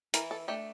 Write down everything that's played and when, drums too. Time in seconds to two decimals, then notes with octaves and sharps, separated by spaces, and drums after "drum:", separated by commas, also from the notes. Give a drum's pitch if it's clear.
0.14 E3 A#4, drum: hi-hat
0.31 A4
0.48 A3 D4 G4